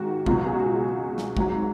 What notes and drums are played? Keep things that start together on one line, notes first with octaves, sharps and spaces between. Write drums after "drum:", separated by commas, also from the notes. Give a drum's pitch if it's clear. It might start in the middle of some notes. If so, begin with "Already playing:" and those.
Already playing: G#2 D#3 G#3 F4 F#4
C#2 B2 F#3 F4, drum: kick
G#4
F#4
drum: snare
G#1 G#2 F#3, drum: kick